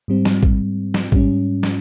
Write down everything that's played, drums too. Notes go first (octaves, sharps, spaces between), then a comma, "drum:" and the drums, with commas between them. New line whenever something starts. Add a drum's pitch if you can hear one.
G#2 G3 C4
drum: snare
drum: kick A1
drum: snare
G#2 G3 C#4, drum: kick A1
drum: snare